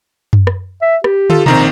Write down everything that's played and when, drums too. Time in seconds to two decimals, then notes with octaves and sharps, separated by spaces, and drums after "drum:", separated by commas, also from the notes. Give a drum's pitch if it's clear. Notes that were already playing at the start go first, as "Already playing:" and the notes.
0.33 drum: tom F#2
0.47 drum: rim click
0.82 E5
1.04 G4, drum: rim click
1.30 F4 A4, drum: tom
1.46 A#1 D#3 C4 A#5, drum: tom B2